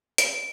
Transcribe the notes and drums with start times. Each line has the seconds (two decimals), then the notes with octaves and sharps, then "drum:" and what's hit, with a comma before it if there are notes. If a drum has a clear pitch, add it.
0.18 D7, drum: hi-hat